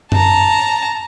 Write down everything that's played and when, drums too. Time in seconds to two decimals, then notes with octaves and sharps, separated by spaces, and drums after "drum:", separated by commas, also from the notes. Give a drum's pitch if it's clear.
0.12 A5 A#5, drum: tom F#2